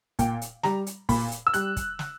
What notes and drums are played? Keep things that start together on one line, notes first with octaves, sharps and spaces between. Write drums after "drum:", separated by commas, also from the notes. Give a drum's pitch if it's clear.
A#2 G5, drum: kick, hi-hat
drum: hi-hat
G3 A#5, drum: snare
drum: hi-hat
A#2 B5, drum: kick, open hi-hat
drum: hi-hat
E6
G3 F#6, drum: hi-hat
drum: kick, hi-hat
drum: snare